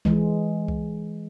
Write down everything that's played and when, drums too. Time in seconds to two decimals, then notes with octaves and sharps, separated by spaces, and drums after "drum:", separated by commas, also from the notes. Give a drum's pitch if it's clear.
0.05 E3 G#3, drum: kick C2
0.68 drum: kick C2